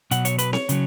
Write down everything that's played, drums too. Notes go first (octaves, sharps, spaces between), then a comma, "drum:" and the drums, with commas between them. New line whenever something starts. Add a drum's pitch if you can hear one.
B2 F#3 F#5, drum: hi-hat
C#5, drum: hi-hat
B4, drum: hi-hat
C#5, drum: snare C4
C#3 F#3, drum: hi-hat